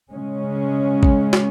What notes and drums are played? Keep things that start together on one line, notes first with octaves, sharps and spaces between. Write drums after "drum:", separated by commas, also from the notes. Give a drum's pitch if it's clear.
C#3 G#3 C#4
drum: kick
drum: snare